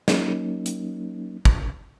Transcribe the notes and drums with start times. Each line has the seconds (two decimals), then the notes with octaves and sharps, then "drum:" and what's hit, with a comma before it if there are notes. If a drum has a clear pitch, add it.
0.08 F#3 A#3 C#4 D#4, drum: snare
0.66 drum: hi-hat
1.45 drum: kick